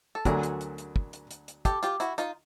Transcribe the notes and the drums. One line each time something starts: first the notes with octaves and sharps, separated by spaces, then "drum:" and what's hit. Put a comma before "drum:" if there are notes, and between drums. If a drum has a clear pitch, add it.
A4
D2 D3 F#3 G#4 A#4, drum: kick, hi-hat
drum: hi-hat
drum: hi-hat
drum: hi-hat
drum: kick
drum: hi-hat
drum: hi-hat
drum: hi-hat
G4 A4, drum: kick, hi-hat
F4 G4, drum: hi-hat
E4 F#4, drum: hi-hat
D#4 F4, drum: hi-hat